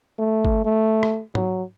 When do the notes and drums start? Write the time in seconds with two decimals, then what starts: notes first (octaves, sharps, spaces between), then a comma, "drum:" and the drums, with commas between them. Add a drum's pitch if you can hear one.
0.19 A3
0.45 drum: kick
0.65 A3
1.03 drum: rim click
1.35 F#3, drum: tom G#2